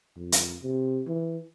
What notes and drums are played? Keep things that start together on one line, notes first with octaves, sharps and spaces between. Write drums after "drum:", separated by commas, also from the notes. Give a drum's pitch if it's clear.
F2
drum: hi-hat
C3
E3